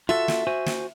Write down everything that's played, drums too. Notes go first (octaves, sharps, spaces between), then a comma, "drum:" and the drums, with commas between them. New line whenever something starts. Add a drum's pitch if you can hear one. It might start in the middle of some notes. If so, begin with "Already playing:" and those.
F4 F#4 A4 E5
drum: snare
F#4 C5 G#5
drum: snare